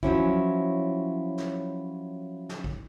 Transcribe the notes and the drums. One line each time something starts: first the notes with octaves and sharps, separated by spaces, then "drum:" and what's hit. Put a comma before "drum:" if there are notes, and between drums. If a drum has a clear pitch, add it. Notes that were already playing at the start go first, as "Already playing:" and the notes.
F3 F#3 C#4 E4, drum: kick A#1
drum: snare
drum: snare
drum: kick A#1